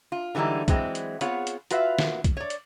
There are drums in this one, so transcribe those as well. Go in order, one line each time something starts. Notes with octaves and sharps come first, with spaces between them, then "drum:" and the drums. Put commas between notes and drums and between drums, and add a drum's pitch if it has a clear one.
F4
D3 E3 G3 G#3 D#4
E3 F#3 G#3 C4, drum: kick, hi-hat
drum: hi-hat
B3 C4 F4 G#4 C#5 F#5, drum: hi-hat
drum: hi-hat
F4 F#4 B4 E5 F5, drum: hi-hat
drum: snare
drum: kick, hi-hat
C#5 D5
drum: hi-hat